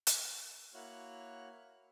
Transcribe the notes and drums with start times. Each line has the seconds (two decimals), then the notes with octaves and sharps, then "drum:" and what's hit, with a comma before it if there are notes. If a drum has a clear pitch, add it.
0.07 drum: hi-hat
0.74 A#3 E4 F#4 C#5 F6 F#6